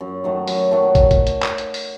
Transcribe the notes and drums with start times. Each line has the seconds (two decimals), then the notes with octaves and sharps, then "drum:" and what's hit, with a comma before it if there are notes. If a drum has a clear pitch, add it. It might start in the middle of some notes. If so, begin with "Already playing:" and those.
0.01 F#2
0.24 D#3 F#3 A3
0.48 F#2, drum: open hi-hat
0.71 D#3 F#3 A3
0.95 drum: kick, hi-hat
1.11 drum: kick, hi-hat
1.27 drum: hi-hat
1.42 drum: clap
1.58 drum: hi-hat
1.74 drum: open hi-hat